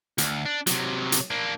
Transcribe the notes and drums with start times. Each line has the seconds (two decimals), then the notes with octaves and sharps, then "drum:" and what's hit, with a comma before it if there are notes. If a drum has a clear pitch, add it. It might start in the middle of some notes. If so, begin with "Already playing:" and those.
0.18 D2, drum: hi-hat
0.46 D4
0.67 C3 F#3, drum: hi-hat
1.12 drum: hi-hat
1.30 A#3 D4